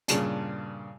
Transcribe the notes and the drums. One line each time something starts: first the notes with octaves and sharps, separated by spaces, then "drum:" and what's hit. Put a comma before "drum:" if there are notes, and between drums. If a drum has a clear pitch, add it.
G2 A#2 C#3 A5, drum: hi-hat